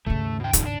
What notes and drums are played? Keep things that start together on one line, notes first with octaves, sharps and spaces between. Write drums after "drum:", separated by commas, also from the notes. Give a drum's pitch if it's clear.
D#2 G#2 C#3 A3
B2 G5
F3 G3 D#4, drum: kick E1, hi-hat
D4